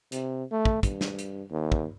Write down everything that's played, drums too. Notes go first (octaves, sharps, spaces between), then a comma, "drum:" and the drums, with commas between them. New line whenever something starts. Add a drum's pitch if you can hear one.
C3, drum: hi-hat
A3
drum: kick
G2, drum: kick, hi-hat
drum: snare
drum: hi-hat
D#2
drum: kick